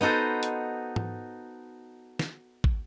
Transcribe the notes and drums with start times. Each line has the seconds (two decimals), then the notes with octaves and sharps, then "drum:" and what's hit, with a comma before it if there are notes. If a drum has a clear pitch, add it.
0.01 B3 D#4 F#4 A4 C5
0.43 drum: hi-hat
0.96 drum: tom G#2
2.19 drum: snare
2.64 drum: kick